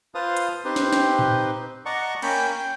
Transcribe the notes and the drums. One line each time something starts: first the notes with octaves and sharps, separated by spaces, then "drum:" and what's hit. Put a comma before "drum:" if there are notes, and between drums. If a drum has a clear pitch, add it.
F4 B4 C5 F5 A5 D#6
drum: hi-hat
C4 D#4 G4 B4 C5
drum: snare
drum: snare
drum: tom A2
D5 D#5 F#5 A5 A#5 C#6
A#3 C#4 G5 B5, drum: cymbal
G5